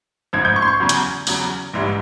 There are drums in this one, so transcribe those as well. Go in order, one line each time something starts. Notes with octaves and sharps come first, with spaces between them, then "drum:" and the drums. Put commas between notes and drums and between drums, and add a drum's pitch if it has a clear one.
A1 G#2 F3 G#6
G6
C#6
C6
C#6
E2 C#3 F#3
drum: hi-hat
E2 C#3 F#3, drum: open hi-hat
A#1 G#2 E3 G3